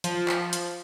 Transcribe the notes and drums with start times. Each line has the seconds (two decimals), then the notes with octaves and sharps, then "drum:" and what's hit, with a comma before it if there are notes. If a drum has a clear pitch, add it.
0.04 F3, drum: hi-hat
0.28 drum: clap
0.53 drum: hi-hat